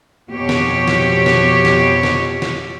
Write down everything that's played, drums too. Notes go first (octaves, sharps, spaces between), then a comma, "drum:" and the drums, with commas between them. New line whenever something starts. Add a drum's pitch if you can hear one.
F2 B2 G4 C#5
drum: snare
drum: snare
drum: snare
drum: snare
drum: snare
drum: snare